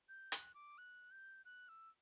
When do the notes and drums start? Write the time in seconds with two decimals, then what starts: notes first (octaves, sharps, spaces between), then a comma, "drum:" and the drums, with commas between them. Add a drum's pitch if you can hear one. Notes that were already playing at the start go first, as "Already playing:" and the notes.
0.09 G6
0.32 F#6, drum: hi-hat
0.54 D6
0.78 F#6
1.11 G6
1.45 F#6
1.69 E6